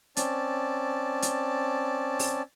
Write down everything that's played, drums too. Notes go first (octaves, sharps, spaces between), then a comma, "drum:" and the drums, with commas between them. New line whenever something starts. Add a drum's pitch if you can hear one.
C4 C#4 D5 A5, drum: hi-hat
drum: hi-hat
drum: open hi-hat